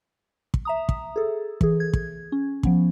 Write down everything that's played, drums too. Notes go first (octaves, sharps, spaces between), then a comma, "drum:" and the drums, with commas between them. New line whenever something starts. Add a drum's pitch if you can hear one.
drum: kick
E5 A#5 D#6
drum: kick
G#4 A4
E3 G#4, drum: kick
G#6
drum: kick
C#4
F3 B3 C#4, drum: kick